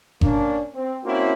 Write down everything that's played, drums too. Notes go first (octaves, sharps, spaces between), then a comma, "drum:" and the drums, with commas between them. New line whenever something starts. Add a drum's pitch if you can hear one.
A#3 C#4 D4, drum: kick G1
C4
A#3 C4 C#4 E4 F#4